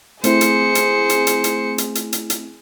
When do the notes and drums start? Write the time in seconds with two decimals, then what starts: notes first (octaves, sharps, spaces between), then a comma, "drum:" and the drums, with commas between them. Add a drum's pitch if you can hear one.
0.24 A3 C4 E4 G#4 C5 C#7, drum: hi-hat
0.41 drum: hi-hat
0.75 drum: hi-hat
1.10 drum: hi-hat
1.27 drum: hi-hat
1.44 drum: hi-hat
1.78 drum: hi-hat
1.95 drum: hi-hat
2.13 drum: hi-hat
2.30 drum: hi-hat